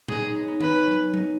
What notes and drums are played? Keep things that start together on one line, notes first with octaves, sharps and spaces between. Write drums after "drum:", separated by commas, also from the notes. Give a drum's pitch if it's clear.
B3 D#4 G#4, drum: tom A#2
G#3 C#4
B3 D#4
B3 D#4
G#3 C#4 B4, drum: tom
F#3 B3 C#4
B3 D#4, drum: tom